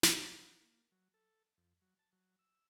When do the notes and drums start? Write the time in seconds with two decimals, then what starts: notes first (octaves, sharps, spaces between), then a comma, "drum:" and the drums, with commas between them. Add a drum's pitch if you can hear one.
0.03 drum: snare
0.16 A#4
0.39 F#5
0.60 A#3
0.92 F#3
1.14 A4
1.58 F2
1.82 F#3
1.99 A5
2.13 F#3
2.39 E6